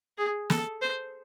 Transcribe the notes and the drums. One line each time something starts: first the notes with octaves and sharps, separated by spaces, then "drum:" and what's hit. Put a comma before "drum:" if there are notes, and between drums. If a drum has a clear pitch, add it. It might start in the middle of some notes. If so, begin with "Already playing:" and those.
G#4
A4, drum: snare
C5